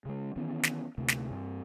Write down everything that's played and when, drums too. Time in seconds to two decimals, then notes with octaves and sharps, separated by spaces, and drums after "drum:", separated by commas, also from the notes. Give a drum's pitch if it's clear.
0.05 C#3 G#3
0.36 D#3 E3 B3 C#4
0.63 drum: snare
0.98 D2 C3 A3
1.08 drum: snare
1.31 G2 C4